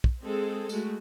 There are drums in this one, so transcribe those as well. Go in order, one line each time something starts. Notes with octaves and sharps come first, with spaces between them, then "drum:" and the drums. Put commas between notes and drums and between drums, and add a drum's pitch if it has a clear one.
drum: kick
G#3 C4 G#4 A4
G#3 A3 F#4, drum: tambourine